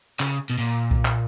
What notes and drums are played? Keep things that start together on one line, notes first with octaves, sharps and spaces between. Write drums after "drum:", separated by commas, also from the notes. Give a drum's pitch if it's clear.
C#3, drum: clap
B2
A#2
drum: kick B1
drum: clap